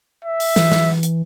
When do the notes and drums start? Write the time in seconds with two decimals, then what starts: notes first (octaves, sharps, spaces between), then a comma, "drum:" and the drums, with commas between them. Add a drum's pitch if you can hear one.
0.24 E5
0.40 drum: open hi-hat
0.56 E3, drum: snare
0.72 drum: snare
1.03 drum: hi-hat